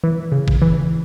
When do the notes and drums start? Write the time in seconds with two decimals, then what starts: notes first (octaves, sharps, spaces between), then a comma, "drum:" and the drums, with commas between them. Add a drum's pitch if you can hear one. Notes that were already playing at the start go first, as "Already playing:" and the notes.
0.04 E3
0.32 C#3
0.48 drum: kick G1
0.62 E3